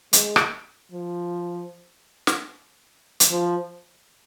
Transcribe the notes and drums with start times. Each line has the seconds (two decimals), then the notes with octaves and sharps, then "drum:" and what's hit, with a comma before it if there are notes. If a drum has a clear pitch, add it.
0.13 G#3, drum: hi-hat
0.36 drum: rim click
0.92 F3
2.27 drum: snare
3.20 drum: hi-hat
3.31 F3